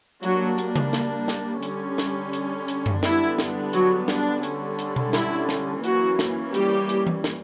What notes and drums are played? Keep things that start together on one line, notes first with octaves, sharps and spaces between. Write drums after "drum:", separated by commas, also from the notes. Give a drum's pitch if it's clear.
F#3 G3 A#3 D4 F#4, drum: hi-hat
drum: hi-hat
drum: tom C#3
drum: snare
drum: snare
D3 G3 C#4, drum: hi-hat
drum: snare
drum: hi-hat
drum: hi-hat
drum: tom F#2
D3 G3 B3 D4 E4, drum: snare
drum: snare
F#3 F#4, drum: hi-hat
D4, drum: snare
D3 G3 C#4, drum: hi-hat
drum: hi-hat
drum: tom B2
E4, drum: snare
drum: snare
E3 F#3 A#3 C#4 F#4, drum: hi-hat
drum: snare
G3 G4, drum: hi-hat
drum: hi-hat
drum: tom E3
drum: snare